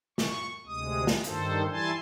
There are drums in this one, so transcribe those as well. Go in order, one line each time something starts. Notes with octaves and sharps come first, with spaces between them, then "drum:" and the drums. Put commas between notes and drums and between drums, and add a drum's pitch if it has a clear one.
C#6, drum: snare
D2 C3 G#3 D#6
drum: snare
G2 D#3 A4 C5, drum: hi-hat
E3 G3 E4 G#5 A5 C6